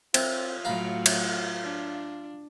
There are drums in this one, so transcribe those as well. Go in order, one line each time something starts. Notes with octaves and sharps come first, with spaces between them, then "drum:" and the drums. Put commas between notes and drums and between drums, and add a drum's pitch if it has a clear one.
C4 F4, drum: cymbal
A2 F#3 F5 A#5 B5
drum: cymbal
D4